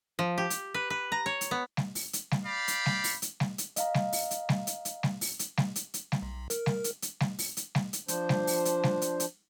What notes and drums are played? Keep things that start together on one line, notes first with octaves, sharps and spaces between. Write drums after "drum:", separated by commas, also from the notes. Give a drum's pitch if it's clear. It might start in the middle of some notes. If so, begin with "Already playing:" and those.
F3
G4
drum: hi-hat
B4
B4
A#5
C#5
drum: hi-hat
B3
drum: snare G3
drum: open hi-hat
drum: hi-hat
drum: snare G3
D5 F5 G5 B5
drum: hi-hat
drum: snare G3
drum: open hi-hat
drum: hi-hat
drum: snare G3
drum: hi-hat
D#5 F5 A#5, drum: hi-hat
drum: snare G3
drum: open hi-hat
drum: hi-hat
drum: snare G3
drum: hi-hat
drum: hi-hat
drum: snare G3
drum: open hi-hat
drum: hi-hat
drum: snare G3
drum: hi-hat
drum: hi-hat
drum: snare G3
B1
A#4, drum: hi-hat
drum: snare G3
drum: hi-hat
drum: hi-hat
drum: snare G3
drum: open hi-hat
drum: hi-hat
drum: snare G3
drum: hi-hat
F3 D4 C5, drum: hi-hat
drum: snare G3
drum: open hi-hat
drum: hi-hat
drum: snare G3
drum: hi-hat
drum: hi-hat